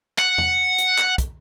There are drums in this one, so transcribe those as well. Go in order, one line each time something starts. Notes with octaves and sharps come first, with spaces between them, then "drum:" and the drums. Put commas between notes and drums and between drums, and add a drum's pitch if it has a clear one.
F#5, drum: clap
drum: tom E2
drum: hi-hat
drum: clap
drum: kick, hi-hat